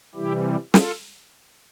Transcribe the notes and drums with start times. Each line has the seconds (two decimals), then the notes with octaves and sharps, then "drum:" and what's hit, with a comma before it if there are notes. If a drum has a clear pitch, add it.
0.15 C3 E3 G3 E4 G4
0.74 F4 A4, drum: snare